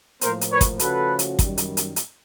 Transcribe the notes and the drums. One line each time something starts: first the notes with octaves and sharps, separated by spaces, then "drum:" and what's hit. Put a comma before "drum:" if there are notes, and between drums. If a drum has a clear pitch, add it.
A2 F3 A#3 A#4 C5, drum: hi-hat
drum: hi-hat
B4 C#5
drum: kick, hi-hat
C#3 F3 A3 C#4 F#4 A4 B4, drum: hi-hat
drum: hi-hat
F#2 D#3 G3, drum: kick, hi-hat
drum: hi-hat
drum: hi-hat
drum: hi-hat